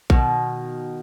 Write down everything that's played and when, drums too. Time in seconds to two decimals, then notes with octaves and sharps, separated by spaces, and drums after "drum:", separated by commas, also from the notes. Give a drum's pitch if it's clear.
0.10 B2 D#3, drum: kick A#1